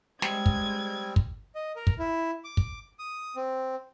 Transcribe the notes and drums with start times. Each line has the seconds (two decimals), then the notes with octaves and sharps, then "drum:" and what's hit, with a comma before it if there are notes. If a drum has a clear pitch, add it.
0.22 G3 G#3 C4 G#6, drum: snare
0.46 drum: kick
1.16 drum: kick
1.55 D#5
1.76 A#4
1.87 drum: kick
1.99 E4
2.44 D6
2.57 drum: kick
2.99 D#6
3.36 C4